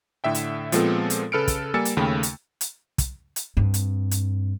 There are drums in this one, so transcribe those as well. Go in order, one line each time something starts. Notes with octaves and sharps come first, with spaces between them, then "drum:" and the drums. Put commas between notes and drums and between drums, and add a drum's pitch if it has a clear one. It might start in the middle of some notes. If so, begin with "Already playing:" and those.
A2 D3 E5 G5
drum: hi-hat
A#2 F3 G#3 B3 C4 A4, drum: hi-hat
drum: hi-hat
C#3 A4 B4 F6 C#7 D7
drum: kick, hi-hat
G3 A#3 G#5 E6 A6 C#7
drum: hi-hat
D#2 C#3 A3 G5 B5
drum: hi-hat
drum: hi-hat
drum: kick, hi-hat
drum: hi-hat
G2 C4
drum: hi-hat
drum: hi-hat